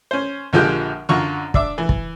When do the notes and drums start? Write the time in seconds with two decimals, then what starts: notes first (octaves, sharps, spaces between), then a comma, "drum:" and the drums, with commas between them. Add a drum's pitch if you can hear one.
0.11 C#4 C5
0.53 A#1 D3 F3 G#3 G4 G5
1.09 F#2 D3 F4 A#5 C#6
1.54 D4 E5 D6, drum: kick
1.78 E3
1.89 drum: kick